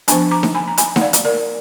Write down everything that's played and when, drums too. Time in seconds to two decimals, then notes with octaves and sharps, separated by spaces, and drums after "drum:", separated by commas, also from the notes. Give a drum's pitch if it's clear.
0.08 F3 B3 D4 G#5 B5, drum: hi-hat
0.31 A#5 D6
0.43 drum: snare D#4
0.55 G#5 B5
0.68 A#5
0.78 G#5 B5, drum: hi-hat
0.96 F#5, drum: snare D#4
1.01 D5 F5
1.13 drum: hi-hat
1.25 A#4 D5